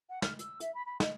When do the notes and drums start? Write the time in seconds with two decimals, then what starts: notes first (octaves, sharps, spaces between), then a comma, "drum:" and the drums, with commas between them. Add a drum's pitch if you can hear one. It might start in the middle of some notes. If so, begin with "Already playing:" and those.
0.09 F#5
0.22 F6, drum: snare
0.39 E6, drum: hi-hat
0.60 E5, drum: hi-hat
0.74 B5
0.85 B5
1.00 D#5, drum: snare